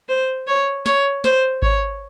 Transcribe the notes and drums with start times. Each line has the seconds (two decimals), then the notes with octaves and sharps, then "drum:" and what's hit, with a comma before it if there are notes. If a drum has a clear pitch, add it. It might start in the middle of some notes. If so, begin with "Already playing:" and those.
0.09 C5
0.47 C#5
0.86 C#5, drum: snare
1.24 C5, drum: snare
1.62 C#5, drum: kick G#1